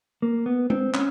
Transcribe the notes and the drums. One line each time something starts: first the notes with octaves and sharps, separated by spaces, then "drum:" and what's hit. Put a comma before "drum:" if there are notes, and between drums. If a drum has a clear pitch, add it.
A#3
B3
C4, drum: tom G#3
C#4, drum: clap